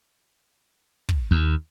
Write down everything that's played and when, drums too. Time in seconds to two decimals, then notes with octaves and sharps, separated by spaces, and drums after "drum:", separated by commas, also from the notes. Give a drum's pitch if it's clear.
1.09 drum: kick
1.31 D#2